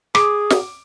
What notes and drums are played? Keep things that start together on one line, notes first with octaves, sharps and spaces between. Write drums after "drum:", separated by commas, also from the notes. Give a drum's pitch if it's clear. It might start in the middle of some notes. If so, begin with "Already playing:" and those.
G#4 D6, drum: rim click
drum: snare